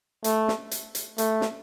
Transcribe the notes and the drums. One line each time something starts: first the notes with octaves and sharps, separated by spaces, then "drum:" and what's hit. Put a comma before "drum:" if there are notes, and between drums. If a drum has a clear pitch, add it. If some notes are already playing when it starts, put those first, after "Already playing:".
A3, drum: hi-hat
drum: snare
drum: hi-hat
drum: hi-hat
A3, drum: hi-hat
drum: snare